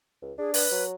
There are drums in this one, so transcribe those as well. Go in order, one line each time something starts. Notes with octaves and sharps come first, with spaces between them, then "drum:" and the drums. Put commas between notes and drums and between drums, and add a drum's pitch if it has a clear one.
C#2
D4 G#4
B4, drum: open hi-hat
F#3